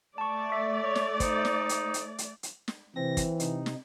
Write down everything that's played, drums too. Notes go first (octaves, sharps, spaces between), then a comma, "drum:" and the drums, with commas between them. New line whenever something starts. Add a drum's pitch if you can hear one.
A3 D5 A5 C#6
E5 C#6
C#5
drum: snare
D#4 C5, drum: kick, hi-hat
drum: snare
drum: hi-hat
drum: hi-hat
drum: hi-hat
drum: hi-hat
drum: snare
C3 E3 C4 A#6
drum: kick, hi-hat
C3 D#4, drum: hi-hat
drum: snare